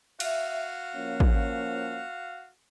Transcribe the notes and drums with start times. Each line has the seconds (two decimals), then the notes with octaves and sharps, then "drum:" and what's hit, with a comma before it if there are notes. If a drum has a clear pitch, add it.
0.20 F#4 E5 F5, drum: cymbal
0.96 F3 A#3 C#4
1.20 drum: kick